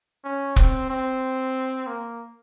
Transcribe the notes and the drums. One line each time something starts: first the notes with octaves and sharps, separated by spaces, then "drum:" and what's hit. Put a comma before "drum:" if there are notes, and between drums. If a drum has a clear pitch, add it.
C#4
C4, drum: kick
C4
A#3